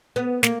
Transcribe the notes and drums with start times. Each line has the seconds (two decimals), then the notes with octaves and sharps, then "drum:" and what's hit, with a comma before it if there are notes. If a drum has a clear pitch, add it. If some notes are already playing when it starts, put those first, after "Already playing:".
0.16 B3
0.43 A#3, drum: snare